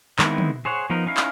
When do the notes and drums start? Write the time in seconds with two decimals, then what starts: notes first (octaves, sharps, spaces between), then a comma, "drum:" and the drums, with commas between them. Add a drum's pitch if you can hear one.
0.19 D#3 G#3 B3 C4 E4, drum: clap
0.38 drum: tom
0.65 G#4 C5 C#5 F#5
0.90 F3 B3 D#4 A#4
1.07 C#4 D#4 E4 F5
1.17 drum: clap